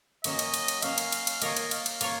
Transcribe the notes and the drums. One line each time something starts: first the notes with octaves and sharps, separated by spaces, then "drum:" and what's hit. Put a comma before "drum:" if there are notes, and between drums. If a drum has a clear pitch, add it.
F#3 A#3 C#4 D#5, drum: cymbal
drum: cymbal
drum: cymbal
drum: cymbal
F#3 A#3 C#4 F5, drum: cymbal
drum: cymbal
drum: cymbal
drum: cymbal
A#3 F4 A#4 C#5 D#5, drum: cymbal
drum: cymbal
F5, drum: cymbal
drum: cymbal
A#3 F4 A#4 C#5, drum: cymbal